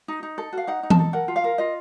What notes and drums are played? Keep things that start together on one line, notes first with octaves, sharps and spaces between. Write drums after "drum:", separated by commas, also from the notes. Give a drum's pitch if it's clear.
D#4
D#4
A4
F#4 F5
D#4 F#5
D#4
A5, drum: tom E3
A4
A#4 F#5
F4
F5
A#4
F4 D#5